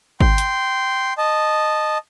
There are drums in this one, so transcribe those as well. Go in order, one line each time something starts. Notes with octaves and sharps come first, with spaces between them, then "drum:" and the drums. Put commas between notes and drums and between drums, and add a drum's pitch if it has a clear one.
G5 C6, drum: kick G#1
drum: hi-hat
D#5 A5